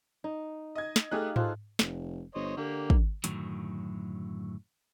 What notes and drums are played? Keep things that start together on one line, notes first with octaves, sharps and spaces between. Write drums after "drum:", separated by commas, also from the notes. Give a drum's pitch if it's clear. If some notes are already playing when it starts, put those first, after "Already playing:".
D#4
D#5 G#6
drum: snare
A3 D#4 G4 G#4 F5 F#6
F4 G#4 A4 C5, drum: tom G#2
F1, drum: snare
G1 C5 C#5 D#5
D3 A#3 G4
drum: kick
F#2 A2 D3 D#3 F#3, drum: hi-hat